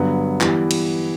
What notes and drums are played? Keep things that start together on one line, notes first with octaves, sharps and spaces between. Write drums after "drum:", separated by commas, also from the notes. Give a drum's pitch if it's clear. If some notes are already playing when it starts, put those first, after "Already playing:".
Already playing: G2 D3 F#3 B3
E3 G3 B3, drum: clap
drum: cymbal